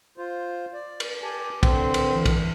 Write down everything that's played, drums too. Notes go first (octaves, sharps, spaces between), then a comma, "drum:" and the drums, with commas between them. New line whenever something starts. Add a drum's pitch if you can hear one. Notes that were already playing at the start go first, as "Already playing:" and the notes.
F4 C5
D5
drum: cymbal
G4 G#5 A5
D3 C4, drum: kick, cymbal
drum: cymbal
E3
drum: kick, cymbal